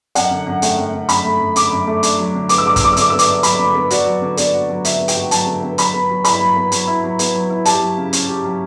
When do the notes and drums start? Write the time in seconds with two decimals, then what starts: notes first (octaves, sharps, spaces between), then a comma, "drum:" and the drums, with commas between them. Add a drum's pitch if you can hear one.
0.15 F#2 F#5, drum: hi-hat
0.31 D3
0.46 F#2
0.62 A3 G5, drum: hi-hat
0.78 F#2
0.93 D3
1.09 F#2 B5, drum: hi-hat
1.25 A3
1.40 F#2
1.56 D3 D6, drum: hi-hat
1.71 F#2
1.87 A3
2.03 D4, drum: hi-hat
2.19 F#3
2.34 D3
2.49 B3 D6, drum: hi-hat
2.58 E6
2.65 D4 D6
2.76 E6, drum: kick, hi-hat
2.81 F#3 D6
2.93 E6
2.97 D3 D6, drum: hi-hat
3.10 B3 E6
3.19 D6, drum: hi-hat
3.28 D4
3.43 F#3 B5, drum: hi-hat
3.59 D3
3.75 B3
3.90 F#4 D5, drum: hi-hat
4.06 F#3
4.22 D3
4.37 B3 D5, drum: hi-hat
4.53 F#4
4.69 F#3
4.85 D3 E5, drum: hi-hat
5.00 B3
5.08 G5, drum: hi-hat
5.16 F#4
5.31 F#3 A5, drum: hi-hat
5.47 D3
5.63 B3
5.78 F#3 B5, drum: hi-hat
5.94 B3
6.09 F#3
6.24 E4 B5, drum: hi-hat
6.41 F#3
6.56 B3
6.72 F#3, drum: hi-hat
6.87 E4
7.04 F#3
7.19 B3, drum: hi-hat
7.34 F#3
7.50 E4
7.65 G4 A5, drum: hi-hat
7.81 F#3
7.97 C#3
8.13 C#4, drum: hi-hat
8.29 G4
8.45 F#3